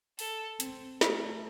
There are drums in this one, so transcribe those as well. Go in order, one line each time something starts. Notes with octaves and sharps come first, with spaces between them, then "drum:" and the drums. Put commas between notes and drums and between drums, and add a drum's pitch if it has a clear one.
A4, drum: open hi-hat
C4, drum: hi-hat
A3 A#4, drum: snare